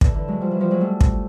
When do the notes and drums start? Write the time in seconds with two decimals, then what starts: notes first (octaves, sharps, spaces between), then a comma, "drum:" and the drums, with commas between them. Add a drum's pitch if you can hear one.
0.01 D3 E3, drum: kick
0.14 D3 E3
0.28 F#3 G#3
0.41 F3 G3
0.51 E3 F#3
0.61 F3 G3
0.71 F#3 G#3
0.81 G3 A3
1.01 drum: kick